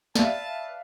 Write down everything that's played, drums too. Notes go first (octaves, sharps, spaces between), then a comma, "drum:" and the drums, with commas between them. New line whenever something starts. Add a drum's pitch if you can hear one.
B4 D5 E5 F5 A5, drum: snare